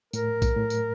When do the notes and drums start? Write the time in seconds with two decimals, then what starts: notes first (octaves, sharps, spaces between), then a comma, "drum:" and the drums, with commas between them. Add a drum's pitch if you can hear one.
0.13 A2 A#4, drum: tambourine
0.42 drum: kick, tambourine
0.56 A2
0.70 drum: tambourine